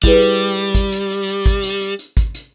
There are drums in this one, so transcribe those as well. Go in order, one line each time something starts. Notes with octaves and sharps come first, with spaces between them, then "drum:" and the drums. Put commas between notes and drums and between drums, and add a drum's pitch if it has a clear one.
G3 E4 G#4 B4, drum: kick, hi-hat
drum: hi-hat
drum: hi-hat
drum: kick, hi-hat
drum: hi-hat
drum: hi-hat
drum: hi-hat
drum: kick, hi-hat
drum: hi-hat
drum: hi-hat
drum: hi-hat
drum: kick, hi-hat
drum: hi-hat